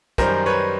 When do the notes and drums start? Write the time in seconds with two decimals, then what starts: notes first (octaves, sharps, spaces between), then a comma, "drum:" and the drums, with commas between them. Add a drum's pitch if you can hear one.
0.18 F#2 D#3 G3 A#4 C5, drum: kick, hi-hat
0.46 B4 C#5